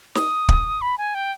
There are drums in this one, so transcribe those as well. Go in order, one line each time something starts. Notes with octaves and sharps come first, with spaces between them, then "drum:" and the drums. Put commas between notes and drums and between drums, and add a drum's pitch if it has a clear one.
D#6, drum: snare
drum: kick
B5
G#5
G5